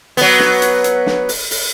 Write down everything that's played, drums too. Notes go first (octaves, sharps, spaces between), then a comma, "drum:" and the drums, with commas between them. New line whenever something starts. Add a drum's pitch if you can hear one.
F#3 B3, drum: open hi-hat
drum: snare
drum: hi-hat
drum: hi-hat
drum: snare
drum: open hi-hat
drum: open hi-hat